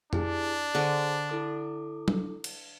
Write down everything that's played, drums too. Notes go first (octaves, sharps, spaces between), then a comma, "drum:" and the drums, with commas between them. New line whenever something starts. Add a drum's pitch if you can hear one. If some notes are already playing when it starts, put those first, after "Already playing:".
D4 E4 G4 G#4, drum: tom F2
D3 G#4 C5 A5 C#6
E4 A4 D6
drum: tom F#3
drum: cymbal